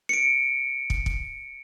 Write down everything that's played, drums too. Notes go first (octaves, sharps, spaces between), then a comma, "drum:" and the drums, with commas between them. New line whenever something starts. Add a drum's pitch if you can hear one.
C#7 D7
drum: kick
drum: kick